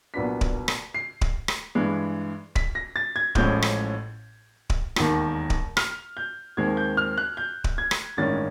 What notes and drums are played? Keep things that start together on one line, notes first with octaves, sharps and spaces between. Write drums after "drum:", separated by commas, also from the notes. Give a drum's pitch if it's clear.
C2 A#2 F#3 B3 D4 B6
drum: kick D1
drum: rim click
C7
drum: kick D1
drum: rim click
G2 E3 G#3
B6, drum: kick D1
A#6
A6
G#6
A1 A2 F3 G#3 C#4 G6, drum: kick D1
drum: rim click
drum: kick D1
E1 D#2 D#3, drum: rim click
drum: kick D1
F6, drum: rim click
G6
D#2 D#3 G#3 C4 G#6
G6
F6
F#6
G6
drum: kick D1
G#6
drum: rim click
A1 G2 D#3 G#3 C#4 A6